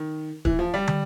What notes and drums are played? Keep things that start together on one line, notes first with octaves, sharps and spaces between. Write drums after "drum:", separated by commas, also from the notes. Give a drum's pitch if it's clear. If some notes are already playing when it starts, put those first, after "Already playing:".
Already playing: D#3
E3, drum: kick
F3
G3
drum: tom